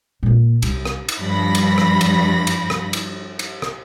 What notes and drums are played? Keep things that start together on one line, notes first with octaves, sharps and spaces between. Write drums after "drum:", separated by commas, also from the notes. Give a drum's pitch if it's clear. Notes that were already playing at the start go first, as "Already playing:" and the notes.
A#2 A#3
C2, drum: cymbal
drum: rim click
drum: cymbal
G2 F3 B5 A#6
drum: cymbal
drum: rim click
drum: cymbal
drum: cymbal
drum: rim click
drum: cymbal
drum: cymbal
drum: rim click